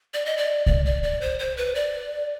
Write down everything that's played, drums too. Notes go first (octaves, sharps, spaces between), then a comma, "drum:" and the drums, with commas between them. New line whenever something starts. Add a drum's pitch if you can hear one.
D5
D#5
D5
D5, drum: kick C2
D5
D5
C5
C5
B4
D5